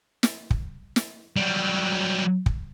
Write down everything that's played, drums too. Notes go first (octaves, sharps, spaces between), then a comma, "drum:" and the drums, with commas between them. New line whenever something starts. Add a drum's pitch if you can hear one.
drum: snare
drum: kick
drum: snare
F#3 G3
drum: kick